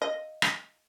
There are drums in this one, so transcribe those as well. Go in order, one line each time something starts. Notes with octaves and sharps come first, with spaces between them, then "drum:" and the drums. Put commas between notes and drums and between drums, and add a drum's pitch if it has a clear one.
D#5
drum: rim click